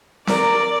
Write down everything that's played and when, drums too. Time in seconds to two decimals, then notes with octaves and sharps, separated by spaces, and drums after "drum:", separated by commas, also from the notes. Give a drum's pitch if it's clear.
0.27 A#4 D5, drum: snare C4